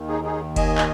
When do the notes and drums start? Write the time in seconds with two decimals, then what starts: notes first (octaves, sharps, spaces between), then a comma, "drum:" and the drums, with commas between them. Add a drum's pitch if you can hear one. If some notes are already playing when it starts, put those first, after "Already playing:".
Already playing: D#2 D#3
0.08 D#4 G#4
0.24 D#4 G#4
0.56 D#5 G#5, drum: kick F#1, cymbal
0.78 drum: clap